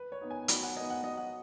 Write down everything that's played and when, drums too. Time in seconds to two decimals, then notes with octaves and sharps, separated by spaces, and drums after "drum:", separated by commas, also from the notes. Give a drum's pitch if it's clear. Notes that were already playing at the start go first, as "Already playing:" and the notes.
Already playing: B4
0.12 C#5
0.21 B3 D#4
0.31 G#5
0.48 F#3 B5, drum: hi-hat
0.63 F#5
0.77 B3 D#4 D#5
0.90 F#5
1.03 F#3 D#5
1.17 F#5